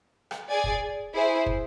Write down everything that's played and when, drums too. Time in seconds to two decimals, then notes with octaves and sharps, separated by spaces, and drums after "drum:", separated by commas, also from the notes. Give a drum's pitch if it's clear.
0.31 drum: rim click
0.48 G#4 D5 G#5
0.64 drum: kick
1.13 E4 G#4 C5
1.46 drum: kick